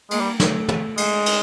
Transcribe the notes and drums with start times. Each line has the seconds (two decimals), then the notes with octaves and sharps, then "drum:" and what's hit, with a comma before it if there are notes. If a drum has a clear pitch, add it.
0.11 G#3 A#3, drum: cymbal
0.21 G3
0.40 A3, drum: snare
0.68 drum: tom
0.97 G#3, drum: cymbal
1.26 drum: cymbal